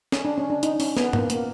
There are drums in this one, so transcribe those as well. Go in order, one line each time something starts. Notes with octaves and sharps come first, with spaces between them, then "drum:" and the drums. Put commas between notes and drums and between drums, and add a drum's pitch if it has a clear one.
C#4, drum: snare
D4
C#4
D4
D#4, drum: hi-hat
C#4, drum: open hi-hat
B3, drum: snare
A#3, drum: tom
A#3, drum: hi-hat